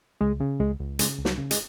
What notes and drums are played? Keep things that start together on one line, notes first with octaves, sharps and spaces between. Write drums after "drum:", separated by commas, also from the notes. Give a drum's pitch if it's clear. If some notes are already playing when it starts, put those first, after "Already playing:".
C#2 G#3
C#3
C#2 G#3
C#2
C#3 G#3, drum: hi-hat
C#2
F#3, drum: snare
C#3
G#3, drum: hi-hat